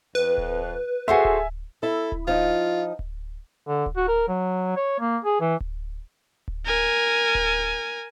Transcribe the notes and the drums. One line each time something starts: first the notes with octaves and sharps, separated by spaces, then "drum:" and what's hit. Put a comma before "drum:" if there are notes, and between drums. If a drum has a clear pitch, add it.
F2 B4
drum: kick D1
F#4 G#4 A4 C5 E5 G#5 C6
drum: kick D1
E4 A4
drum: kick D1
F3 D#4 F4
drum: kick D1
D3
drum: kick D1
F#4
A#4
F#3
C#5
A#3
G#4
E3
drum: kick D1
drum: kick D1
A#4 G#5
drum: kick D1